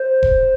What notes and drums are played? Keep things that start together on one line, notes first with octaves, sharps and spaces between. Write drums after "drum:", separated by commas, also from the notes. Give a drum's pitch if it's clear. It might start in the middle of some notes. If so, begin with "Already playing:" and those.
Already playing: C5
drum: kick E1